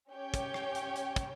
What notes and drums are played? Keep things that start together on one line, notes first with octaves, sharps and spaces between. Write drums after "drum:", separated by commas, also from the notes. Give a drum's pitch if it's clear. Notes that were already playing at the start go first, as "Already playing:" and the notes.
C#4 G4 C#5 G5
drum: kick, hi-hat
drum: rim click
drum: hi-hat
drum: hi-hat
drum: kick, hi-hat